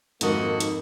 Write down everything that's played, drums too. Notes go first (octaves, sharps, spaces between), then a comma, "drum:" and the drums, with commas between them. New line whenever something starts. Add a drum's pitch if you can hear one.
F2 G#2 D#3 A#3 F#4 A4 D#5, drum: hi-hat
drum: hi-hat